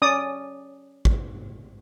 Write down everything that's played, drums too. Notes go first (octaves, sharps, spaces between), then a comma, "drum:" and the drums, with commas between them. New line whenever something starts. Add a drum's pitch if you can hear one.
C#4 D5 D#6
drum: kick A1